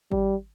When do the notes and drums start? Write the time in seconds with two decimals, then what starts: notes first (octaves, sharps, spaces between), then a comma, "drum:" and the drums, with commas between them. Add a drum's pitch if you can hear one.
0.12 G3, drum: kick G#1